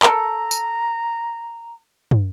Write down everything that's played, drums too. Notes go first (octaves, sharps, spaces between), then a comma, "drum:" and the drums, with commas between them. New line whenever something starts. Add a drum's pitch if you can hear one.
A4 A#4 A#5, drum: clap
drum: tambourine
drum: tom